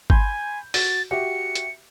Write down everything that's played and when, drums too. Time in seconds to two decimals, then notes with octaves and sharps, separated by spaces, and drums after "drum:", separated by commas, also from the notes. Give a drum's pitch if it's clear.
0.10 G#5 B5 C6 G6, drum: kick G1
0.74 F#4 A6, drum: open hi-hat
1.11 F#4 G4 E5 C#7
1.55 drum: hi-hat